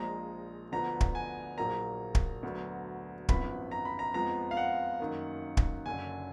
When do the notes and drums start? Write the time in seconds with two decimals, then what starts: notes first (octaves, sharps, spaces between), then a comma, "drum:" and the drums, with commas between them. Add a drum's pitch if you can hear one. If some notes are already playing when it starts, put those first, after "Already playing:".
Already playing: A#1 A#2 F3 G#3 A#5
0.72 D2 D3 F3 B3 A#5
1.01 drum: kick
1.15 G#5
1.57 A#1 A#2 F#3 A#3 A#5
2.15 drum: kick
2.43 D2 D3 F#3 B3
3.29 G#1 F#2 F3 B3 B5, drum: kick
3.71 A#5
3.85 B5
3.99 A#5
4.14 F2 F3 G#3 B3 A#5
4.51 F5
4.57 F#5
5.00 F#2 D#3 A#3
5.57 drum: kick
5.86 F#1 F#2 D3 G#5